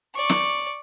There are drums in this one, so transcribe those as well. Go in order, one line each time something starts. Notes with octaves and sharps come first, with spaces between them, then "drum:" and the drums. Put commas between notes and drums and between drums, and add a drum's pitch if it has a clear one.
D5 C#6
drum: snare